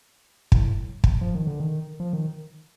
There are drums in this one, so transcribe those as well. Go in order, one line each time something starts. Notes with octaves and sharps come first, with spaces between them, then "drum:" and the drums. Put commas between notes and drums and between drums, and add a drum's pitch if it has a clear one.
A2, drum: kick
drum: kick
F3
D#3
D3
D#3
F3
D#3